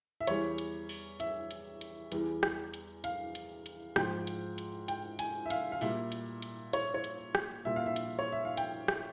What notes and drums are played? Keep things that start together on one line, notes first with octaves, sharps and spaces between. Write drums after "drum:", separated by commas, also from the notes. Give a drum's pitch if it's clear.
E5
E2 E3 G3 C#5, drum: hi-hat
drum: hi-hat
drum: open hi-hat
E5, drum: hi-hat
drum: hi-hat
drum: hi-hat
E2 E3 G3, drum: hi-hat
drum: rim click
drum: hi-hat
F5, drum: hi-hat
drum: hi-hat
drum: hi-hat
G#2 F3 G5, drum: rim click
drum: hi-hat
drum: hi-hat
G5, drum: hi-hat
G#5, drum: hi-hat
E5
F5, drum: hi-hat
F5
A#2 G3 E5, drum: open hi-hat
drum: hi-hat
drum: hi-hat
C#5, drum: hi-hat
C#5
drum: hi-hat
drum: rim click
A#2 G3 E5
F5
E5
drum: hi-hat
C#5
E5
F5
G5, drum: hi-hat
drum: rim click